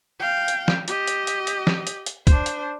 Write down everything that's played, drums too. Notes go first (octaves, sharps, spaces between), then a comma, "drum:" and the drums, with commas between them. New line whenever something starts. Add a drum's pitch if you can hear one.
F5 G5
drum: hi-hat
drum: snare
G4 D#5, drum: hi-hat
drum: hi-hat
drum: hi-hat
drum: hi-hat
drum: snare
drum: hi-hat
drum: hi-hat
D4 C5, drum: kick, hi-hat
drum: hi-hat